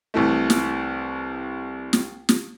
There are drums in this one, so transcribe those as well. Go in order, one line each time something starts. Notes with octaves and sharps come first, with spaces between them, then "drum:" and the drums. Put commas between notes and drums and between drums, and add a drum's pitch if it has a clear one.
C2 E3 A3
drum: snare
drum: snare
drum: snare